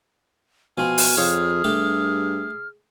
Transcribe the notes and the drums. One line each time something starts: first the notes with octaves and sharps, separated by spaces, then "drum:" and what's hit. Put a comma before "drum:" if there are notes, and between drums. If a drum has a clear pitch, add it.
B2 F3 C4 G#5 F6
drum: open hi-hat
F2 G#4 C#5 F5 G5
G2 A3 G4 A4